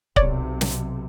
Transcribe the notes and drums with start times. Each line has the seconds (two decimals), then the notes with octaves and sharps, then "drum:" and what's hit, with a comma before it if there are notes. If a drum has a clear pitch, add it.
0.16 B1 C3 C#5 D5, drum: kick C#1
0.61 drum: snare